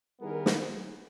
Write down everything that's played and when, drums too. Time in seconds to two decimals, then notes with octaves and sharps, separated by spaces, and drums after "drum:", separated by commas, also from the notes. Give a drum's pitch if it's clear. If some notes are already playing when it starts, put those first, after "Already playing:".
0.20 D#3 G3 B3 E4 G#4 A#4
0.46 drum: snare